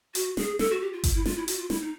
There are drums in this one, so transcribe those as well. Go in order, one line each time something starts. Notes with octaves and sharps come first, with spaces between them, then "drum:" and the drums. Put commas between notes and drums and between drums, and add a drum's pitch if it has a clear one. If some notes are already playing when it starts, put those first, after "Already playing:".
F#4, drum: hi-hat
G#4, drum: snare
A4, drum: snare
F#4
G4
F4
drum: kick G1, hi-hat
E4
F4, drum: snare
E4
F#4, drum: hi-hat
F4
E4, drum: snare
D#4